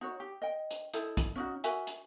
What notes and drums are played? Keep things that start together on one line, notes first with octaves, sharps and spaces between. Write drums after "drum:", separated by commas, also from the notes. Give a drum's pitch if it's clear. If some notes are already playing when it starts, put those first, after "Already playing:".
D#4 F#4 C#5
G4
D#5 G5
drum: hi-hat
D#4 E4 A4, drum: hi-hat
drum: kick, hi-hat
C#4 D#4 F#4
F#4 A#4 E5 G#5, drum: hi-hat
drum: hi-hat